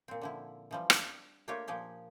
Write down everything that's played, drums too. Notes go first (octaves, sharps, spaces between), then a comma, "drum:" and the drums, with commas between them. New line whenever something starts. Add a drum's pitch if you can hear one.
A#2 C4
D3 F3 E4
E3 F3 G3
D4 G4, drum: rim click
A3 A#3 D4 F4 G4 C#5
A#2 F3 G4 G#4